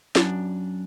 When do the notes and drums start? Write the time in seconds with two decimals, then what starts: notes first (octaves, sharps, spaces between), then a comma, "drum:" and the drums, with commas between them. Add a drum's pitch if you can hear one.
0.16 F#2 D4, drum: snare